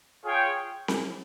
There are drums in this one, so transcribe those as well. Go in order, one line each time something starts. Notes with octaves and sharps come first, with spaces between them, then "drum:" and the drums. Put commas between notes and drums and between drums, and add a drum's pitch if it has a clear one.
F4 G#4 C#5 G5
drum: snare C4